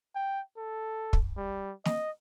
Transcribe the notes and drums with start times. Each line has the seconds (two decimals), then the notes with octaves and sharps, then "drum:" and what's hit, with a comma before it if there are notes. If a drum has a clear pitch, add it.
0.15 G5
0.57 A4
1.13 drum: kick
1.37 G3
1.85 D#5, drum: snare